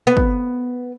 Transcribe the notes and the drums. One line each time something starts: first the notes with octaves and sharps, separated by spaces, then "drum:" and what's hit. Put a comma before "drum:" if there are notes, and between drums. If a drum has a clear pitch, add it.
B3
drum: kick